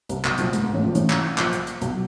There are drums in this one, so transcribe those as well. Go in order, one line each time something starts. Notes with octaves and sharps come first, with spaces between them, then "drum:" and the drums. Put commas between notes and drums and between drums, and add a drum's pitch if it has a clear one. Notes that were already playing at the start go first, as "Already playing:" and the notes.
C2 C3, drum: hi-hat
B1 B2, drum: clap
A#1 A#2, drum: hi-hat
G#2, drum: hi-hat
G#2
A1 A2
A#1 A#2
A1 A2, drum: hi-hat
drum: clap
A#1 A#2, drum: clap
drum: hi-hat
drum: hi-hat
B1 B2, drum: hi-hat